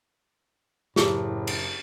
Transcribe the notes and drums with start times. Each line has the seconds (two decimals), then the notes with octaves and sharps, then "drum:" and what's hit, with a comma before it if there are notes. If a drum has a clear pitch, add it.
0.96 F#1 A2 G4 G#4, drum: snare
1.47 drum: cymbal